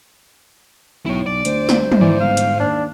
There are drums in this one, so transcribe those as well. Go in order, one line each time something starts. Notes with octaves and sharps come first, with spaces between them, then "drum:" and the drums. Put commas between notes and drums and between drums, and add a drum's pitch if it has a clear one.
B1 E4 C#5
B1 D5
D2 C5, drum: hi-hat
drum: snare
drum: tom
G#2 E3 D5
G1 F5
drum: hi-hat
D#2 D4